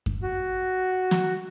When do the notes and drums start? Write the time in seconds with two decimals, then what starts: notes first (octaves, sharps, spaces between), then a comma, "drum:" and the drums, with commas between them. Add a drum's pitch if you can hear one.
0.06 drum: kick F#2
0.23 F#4
1.11 drum: snare